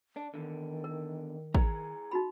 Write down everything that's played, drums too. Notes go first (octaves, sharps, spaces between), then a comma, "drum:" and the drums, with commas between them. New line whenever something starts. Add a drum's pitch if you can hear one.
D4
E2 G2 D3 D#3
A#4
E4 G#4 A#5, drum: kick
D#4 F#4 B5